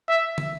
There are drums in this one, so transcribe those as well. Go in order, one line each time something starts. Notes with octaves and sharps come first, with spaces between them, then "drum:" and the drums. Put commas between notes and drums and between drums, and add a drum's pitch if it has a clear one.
E5
drum: tom